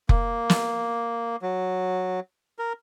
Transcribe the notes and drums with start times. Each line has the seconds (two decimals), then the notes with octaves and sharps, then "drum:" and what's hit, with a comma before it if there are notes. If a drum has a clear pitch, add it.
0.09 A#3, drum: kick F1
0.50 drum: snare
1.42 F#3
2.59 A#4